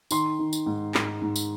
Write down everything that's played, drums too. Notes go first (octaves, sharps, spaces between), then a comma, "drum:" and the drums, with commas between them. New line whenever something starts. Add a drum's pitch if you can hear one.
D#3 C6, drum: tambourine
D#3
drum: tambourine
G#2
G#2, drum: clap
G#2
drum: tambourine